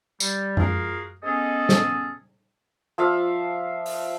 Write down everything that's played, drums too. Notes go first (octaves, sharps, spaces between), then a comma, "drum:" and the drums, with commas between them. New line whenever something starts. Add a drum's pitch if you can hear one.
G3, drum: tambourine
F4 F#4 G#4 A#4 F5, drum: tom F#2
G#3 B3 C#4 G#4 A4 D#5
drum: snare
F3 E5 F5
drum: open hi-hat